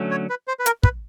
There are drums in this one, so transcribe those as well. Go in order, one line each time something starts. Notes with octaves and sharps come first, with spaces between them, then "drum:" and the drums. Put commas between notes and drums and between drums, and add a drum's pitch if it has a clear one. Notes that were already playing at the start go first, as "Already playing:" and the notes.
Already playing: D3 F#3 A3 C#4
C#5
B4
C5
B4
A#4, drum: hi-hat
B4, drum: kick